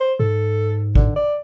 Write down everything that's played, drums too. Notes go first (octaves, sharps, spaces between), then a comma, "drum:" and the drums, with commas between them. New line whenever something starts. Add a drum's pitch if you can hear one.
C5
G#2 A4
D3, drum: kick G#1
D5